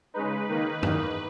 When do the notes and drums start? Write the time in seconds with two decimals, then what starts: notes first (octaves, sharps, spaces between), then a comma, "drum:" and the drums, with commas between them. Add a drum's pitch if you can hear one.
0.14 C#3 G#3 D#4 B4
0.48 D#3 A#3 D#4
0.83 E2 D#3 A#3 D#4, drum: tom G2